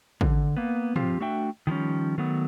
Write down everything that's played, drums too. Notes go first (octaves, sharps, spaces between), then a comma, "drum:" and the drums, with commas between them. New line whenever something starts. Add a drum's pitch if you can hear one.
D3, drum: kick
A#3 B3
F3 C4 F4 G4, drum: tom
A3 D4 F#4 E5 G5
D#3 F3 G3 C#4
D#3 F#3 A3 B3